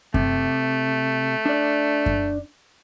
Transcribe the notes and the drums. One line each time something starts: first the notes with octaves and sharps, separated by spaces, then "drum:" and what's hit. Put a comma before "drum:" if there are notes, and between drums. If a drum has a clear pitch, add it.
C3 A3, drum: kick F#2
D4 D5
drum: kick F#2